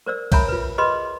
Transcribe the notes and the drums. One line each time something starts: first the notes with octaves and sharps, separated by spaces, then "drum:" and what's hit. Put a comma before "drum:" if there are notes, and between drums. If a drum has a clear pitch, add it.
A#4 C5 D5 E6
A#4 C#5 E5 G#5 A#5 B5, drum: kick, cymbal
F4 B4
G#4 B4 D#5 B5 C6